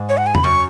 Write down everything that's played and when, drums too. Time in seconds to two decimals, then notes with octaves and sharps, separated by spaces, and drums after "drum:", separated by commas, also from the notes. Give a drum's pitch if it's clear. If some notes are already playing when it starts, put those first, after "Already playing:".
Already playing: G#2
0.09 C#5
0.17 F#5
0.26 G#5
0.35 B5, drum: tom E2
0.44 F#2 C#6